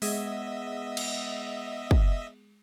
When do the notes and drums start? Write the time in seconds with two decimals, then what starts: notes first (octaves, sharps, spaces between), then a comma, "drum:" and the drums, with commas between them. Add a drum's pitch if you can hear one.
0.02 G#3 B3 G#4 D#5 E5, drum: open hi-hat
0.97 drum: cymbal
1.91 drum: kick